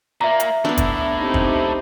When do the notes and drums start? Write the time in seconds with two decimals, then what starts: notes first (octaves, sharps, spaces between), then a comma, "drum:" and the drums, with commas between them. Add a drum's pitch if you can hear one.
0.21 A#2 A#3 E5 A#5
0.40 drum: hi-hat
0.65 A3 B3 D4 E4
0.77 drum: kick, hi-hat
1.20 C4 D#4 G4
1.34 drum: kick